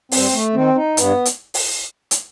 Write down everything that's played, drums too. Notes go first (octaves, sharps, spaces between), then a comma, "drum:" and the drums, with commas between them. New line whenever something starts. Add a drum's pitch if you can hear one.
G2 C4, drum: open hi-hat
A3
D#3 C4
D#4
G2 B3, drum: hi-hat
drum: hi-hat
drum: open hi-hat
drum: hi-hat